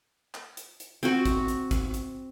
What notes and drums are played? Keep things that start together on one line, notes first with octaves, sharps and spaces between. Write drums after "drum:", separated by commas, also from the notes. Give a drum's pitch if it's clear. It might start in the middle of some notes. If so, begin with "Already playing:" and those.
drum: clap
drum: hi-hat
drum: hi-hat
C4 F#4, drum: hi-hat
drum: kick, hi-hat
drum: hi-hat
drum: kick, hi-hat
drum: hi-hat